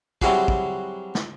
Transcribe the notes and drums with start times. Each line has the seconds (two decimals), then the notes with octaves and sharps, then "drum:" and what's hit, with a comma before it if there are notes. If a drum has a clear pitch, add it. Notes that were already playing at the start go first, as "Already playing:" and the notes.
0.22 F#3 G3 C4 E4 F#4 G#4, drum: kick
0.48 drum: kick
1.15 drum: snare